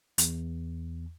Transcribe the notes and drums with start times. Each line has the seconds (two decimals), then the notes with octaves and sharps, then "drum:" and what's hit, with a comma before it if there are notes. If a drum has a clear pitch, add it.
0.18 E2, drum: hi-hat